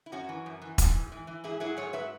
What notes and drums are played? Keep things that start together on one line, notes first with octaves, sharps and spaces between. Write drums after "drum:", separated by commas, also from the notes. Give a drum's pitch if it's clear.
E4
F#2 C#4 F#4
E3
F#2
E3
E3, drum: kick E1, hi-hat
G#2
E3
E3
G#2 E4 G#4
F#3 E4 G#4
G#2 G#4 C#5
F#3 B4 E5